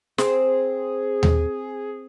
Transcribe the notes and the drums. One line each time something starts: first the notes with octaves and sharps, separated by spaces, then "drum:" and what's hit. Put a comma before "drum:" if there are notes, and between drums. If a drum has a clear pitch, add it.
C4 G#4, drum: snare
drum: tom D#2